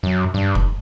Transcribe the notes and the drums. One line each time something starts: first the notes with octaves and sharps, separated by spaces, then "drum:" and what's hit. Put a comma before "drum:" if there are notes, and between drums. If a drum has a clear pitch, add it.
F#2
G2
drum: kick F1